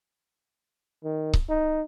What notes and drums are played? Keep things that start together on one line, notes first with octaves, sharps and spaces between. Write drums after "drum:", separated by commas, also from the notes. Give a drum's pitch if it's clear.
D#3
drum: kick C#1
D#4